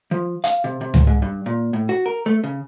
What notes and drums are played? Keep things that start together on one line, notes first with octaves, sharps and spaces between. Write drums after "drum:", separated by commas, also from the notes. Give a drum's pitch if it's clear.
F3
F5, drum: hi-hat
C3
C3
drum: tom C#2
G#2
G2
A#2
A2
F#4
A#4
A3
C#3